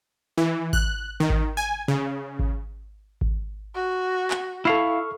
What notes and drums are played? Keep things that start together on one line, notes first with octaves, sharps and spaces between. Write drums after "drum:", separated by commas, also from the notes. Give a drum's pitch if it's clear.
E3
F#6, drum: kick G#1
D#3
drum: kick G#1
G#5
C#3
drum: kick G#1
drum: kick G#1
F#4
drum: clap
E4 A4 F5 C#6 F6